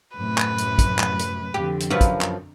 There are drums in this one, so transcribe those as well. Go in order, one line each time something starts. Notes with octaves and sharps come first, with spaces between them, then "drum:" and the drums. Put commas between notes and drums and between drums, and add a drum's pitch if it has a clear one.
F#2 A2 C3 B4
drum: clap
drum: hi-hat
drum: kick, hi-hat
drum: clap
drum: hi-hat
F2 D3 G4
drum: hi-hat
F#2 F3 B4
drum: kick, hi-hat
drum: clap